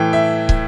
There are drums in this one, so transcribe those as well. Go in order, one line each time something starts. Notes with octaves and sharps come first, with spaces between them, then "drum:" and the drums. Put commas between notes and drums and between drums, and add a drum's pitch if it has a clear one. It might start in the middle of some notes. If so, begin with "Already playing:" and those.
Already playing: A2 E3 G5
E5
drum: kick